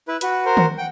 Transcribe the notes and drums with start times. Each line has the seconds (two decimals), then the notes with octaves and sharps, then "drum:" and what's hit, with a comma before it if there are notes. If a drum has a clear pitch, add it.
0.08 E4 B4
0.21 F#4 B4, drum: hi-hat
0.45 A#4 C5
0.57 drum: tom D#3
0.78 F#5 G5